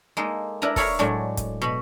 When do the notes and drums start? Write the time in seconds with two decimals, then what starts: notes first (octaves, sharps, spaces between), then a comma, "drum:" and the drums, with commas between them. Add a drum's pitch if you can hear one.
0.17 G#3 A#3 D#4 A4
0.62 D4 E4 A#4 B4 A#5
0.76 A4 A#4 C#5 F5 B5, drum: kick, open hi-hat
0.99 A2 F#3 G#3 D4
1.37 drum: kick, hi-hat
1.62 B2 B5